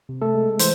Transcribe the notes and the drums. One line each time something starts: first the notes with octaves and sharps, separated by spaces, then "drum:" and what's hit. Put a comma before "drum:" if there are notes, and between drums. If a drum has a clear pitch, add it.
C3
A3 A4
G#3
E3 C5, drum: hi-hat